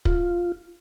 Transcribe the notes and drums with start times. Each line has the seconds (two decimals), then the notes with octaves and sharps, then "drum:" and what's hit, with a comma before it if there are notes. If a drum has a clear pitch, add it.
0.05 F4, drum: kick